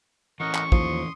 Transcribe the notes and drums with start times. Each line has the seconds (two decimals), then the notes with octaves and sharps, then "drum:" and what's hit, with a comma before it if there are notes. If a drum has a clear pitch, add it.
0.40 E3 C#4 A#4 D#5 F#5 C#6
0.55 drum: clap
0.72 D#2 F3 C6 D#6, drum: kick